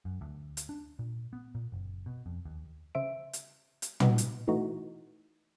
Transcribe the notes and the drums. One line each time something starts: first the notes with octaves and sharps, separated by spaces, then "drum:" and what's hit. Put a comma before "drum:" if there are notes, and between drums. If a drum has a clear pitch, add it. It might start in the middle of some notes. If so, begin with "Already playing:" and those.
F#2
D2
drum: hi-hat
D4
A#2
B3
A#2
F#1
B2
F2
D#2
C#3 C5 E5 D7
drum: hi-hat
drum: hi-hat
G3 B3 D#4, drum: tom
drum: hi-hat
B2 E3 A3 D#4 F#4